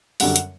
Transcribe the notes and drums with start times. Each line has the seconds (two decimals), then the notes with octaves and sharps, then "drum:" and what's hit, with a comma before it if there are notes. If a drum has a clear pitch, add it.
0.20 F#2 D3 G3 F#5, drum: open hi-hat
0.36 drum: hi-hat